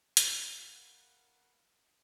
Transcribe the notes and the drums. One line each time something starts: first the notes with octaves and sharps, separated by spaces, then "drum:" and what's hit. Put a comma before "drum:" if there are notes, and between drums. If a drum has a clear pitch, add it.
A#4 B4 F5 F#5, drum: hi-hat